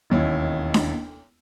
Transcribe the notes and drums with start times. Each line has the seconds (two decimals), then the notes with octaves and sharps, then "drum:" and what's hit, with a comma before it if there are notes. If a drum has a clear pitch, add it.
0.10 E1 D#2 C#4 E4
0.74 drum: snare D4